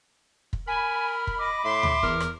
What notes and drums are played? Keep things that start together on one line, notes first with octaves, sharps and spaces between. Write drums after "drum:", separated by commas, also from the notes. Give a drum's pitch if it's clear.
drum: kick
A#4 G#5 B5
drum: kick
D#5 D6
A2 E5 C6
drum: tom D2
E2 A#4, drum: kick
drum: rim click